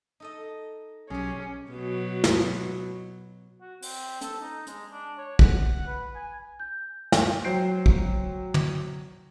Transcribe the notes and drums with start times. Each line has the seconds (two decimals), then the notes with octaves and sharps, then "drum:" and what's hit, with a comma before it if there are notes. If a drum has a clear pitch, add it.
0.20 D#4 A4 D#5
1.10 B1 B2 F#3 C#4 G4 G#4
1.70 B2 F#3
2.24 drum: snare
3.61 F#4
3.82 C4, drum: open hi-hat
4.22 A4, drum: hi-hat
4.42 D#4
4.67 G#3, drum: hi-hat
4.91 D4
5.18 C#5
5.39 F#5, drum: kick
5.87 B4
6.15 G#5
6.60 G6
7.12 drum: snare
7.44 F#3 C5 G5 G6 C7 D7
7.86 drum: kick
8.54 drum: tom